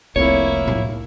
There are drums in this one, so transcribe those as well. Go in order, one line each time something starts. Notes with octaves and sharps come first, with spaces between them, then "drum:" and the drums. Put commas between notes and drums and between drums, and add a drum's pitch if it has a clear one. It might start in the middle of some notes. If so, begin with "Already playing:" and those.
F1 C2 F2 A#3 E4 C#5
drum: tom A2